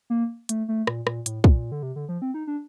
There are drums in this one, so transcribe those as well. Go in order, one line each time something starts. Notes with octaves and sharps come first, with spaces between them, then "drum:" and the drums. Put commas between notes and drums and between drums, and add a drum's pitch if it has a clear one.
A#3
A3, drum: hi-hat
A3
A#2, drum: rim click
A#2, drum: rim click
A2, drum: hi-hat
A#2, drum: kick
D3
C3
D3
F3
C4
D#4
D4